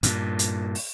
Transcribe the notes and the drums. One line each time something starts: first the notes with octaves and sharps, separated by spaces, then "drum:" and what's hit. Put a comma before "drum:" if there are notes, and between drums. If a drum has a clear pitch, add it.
G2 A#2, drum: hi-hat
drum: hi-hat
drum: open hi-hat